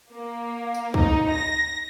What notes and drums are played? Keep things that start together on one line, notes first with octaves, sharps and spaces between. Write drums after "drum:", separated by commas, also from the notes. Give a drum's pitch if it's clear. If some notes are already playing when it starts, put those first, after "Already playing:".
A#3
drum: tambourine
D#4, drum: kick
A#6